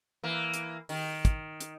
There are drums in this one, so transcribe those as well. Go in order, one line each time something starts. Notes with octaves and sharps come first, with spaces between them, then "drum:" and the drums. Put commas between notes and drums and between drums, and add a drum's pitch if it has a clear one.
E3 A#3
drum: hi-hat
D#3, drum: open hi-hat
drum: kick, hi-hat
drum: hi-hat